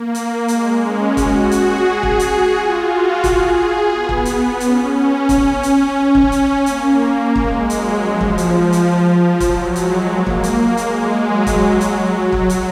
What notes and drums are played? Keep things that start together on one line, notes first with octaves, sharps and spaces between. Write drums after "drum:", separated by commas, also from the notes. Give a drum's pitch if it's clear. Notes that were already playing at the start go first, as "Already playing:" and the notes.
Already playing: A#3
A#3, drum: hi-hat
G#3, drum: hi-hat
C#4
F#4, drum: kick, hi-hat
G#4, drum: hi-hat
drum: kick
F#4, drum: hi-hat
F4
F#4
G#4, drum: kick, hi-hat
B3
drum: kick
B3, drum: hi-hat
C#4, drum: hi-hat
drum: kick, hi-hat
drum: hi-hat
C#4
drum: kick
drum: hi-hat
A#3, drum: hi-hat
A#3
G#3, drum: kick
F#3, drum: hi-hat
F3
drum: kick
drum: hi-hat
F3, drum: hi-hat
F3
F#3, drum: kick, hi-hat
G#3, drum: hi-hat
A#3
drum: kick
A#3, drum: hi-hat
G#3, drum: hi-hat
F#3
drum: kick, hi-hat
F#3, drum: hi-hat
drum: kick
drum: hi-hat